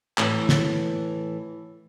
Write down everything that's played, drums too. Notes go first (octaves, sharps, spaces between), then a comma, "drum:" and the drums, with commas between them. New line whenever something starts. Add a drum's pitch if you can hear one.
A2 E3, drum: clap
drum: snare